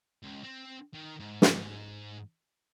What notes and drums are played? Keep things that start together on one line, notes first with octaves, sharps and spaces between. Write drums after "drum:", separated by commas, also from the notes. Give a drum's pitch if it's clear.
C#2
C4
D#3
G#2
drum: snare